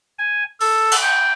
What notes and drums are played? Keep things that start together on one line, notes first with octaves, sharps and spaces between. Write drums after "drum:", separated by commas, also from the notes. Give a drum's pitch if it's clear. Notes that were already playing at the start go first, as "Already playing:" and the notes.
G#5
A4, drum: open hi-hat
drum: cymbal
G5